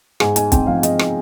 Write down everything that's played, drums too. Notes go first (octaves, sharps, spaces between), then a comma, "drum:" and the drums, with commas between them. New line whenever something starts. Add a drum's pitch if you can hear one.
G#2 G#5, drum: rim click
D#4 G#5, drum: hi-hat
C4 G5, drum: kick B1, hi-hat
F3 F5
G#2 D#5, drum: hi-hat
D#4, drum: rim click